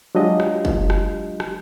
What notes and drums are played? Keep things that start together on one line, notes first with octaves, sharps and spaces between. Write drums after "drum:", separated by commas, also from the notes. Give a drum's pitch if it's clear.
F#3 G#3 D4 F4 G4 D#5
drum: rim click
drum: kick
drum: rim click
drum: rim click